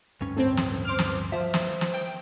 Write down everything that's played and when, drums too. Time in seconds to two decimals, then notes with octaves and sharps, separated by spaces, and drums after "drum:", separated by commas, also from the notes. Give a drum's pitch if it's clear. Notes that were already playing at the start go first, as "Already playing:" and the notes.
0.21 D2 G2 C#4
0.36 A2 C4
0.57 drum: snare
0.85 C5 D6 F6
0.99 drum: snare
1.32 F3 C5 E5
1.54 drum: snare
1.81 drum: snare
1.94 G5